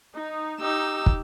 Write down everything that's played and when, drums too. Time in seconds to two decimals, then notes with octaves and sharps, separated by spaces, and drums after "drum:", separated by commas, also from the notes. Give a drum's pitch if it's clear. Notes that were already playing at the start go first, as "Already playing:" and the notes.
0.15 D#4
0.60 D#4 G4 E6
1.06 drum: kick